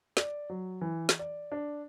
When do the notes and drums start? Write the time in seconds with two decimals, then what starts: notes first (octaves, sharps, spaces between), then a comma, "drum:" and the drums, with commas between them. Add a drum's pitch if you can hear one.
0.17 D5, drum: snare
0.50 F#3
0.81 E3
1.09 drum: snare
1.19 D5
1.52 D4